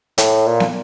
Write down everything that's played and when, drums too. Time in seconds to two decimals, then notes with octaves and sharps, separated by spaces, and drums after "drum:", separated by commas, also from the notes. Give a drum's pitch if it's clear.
0.18 A2, drum: hi-hat
0.47 A#2
0.60 drum: snare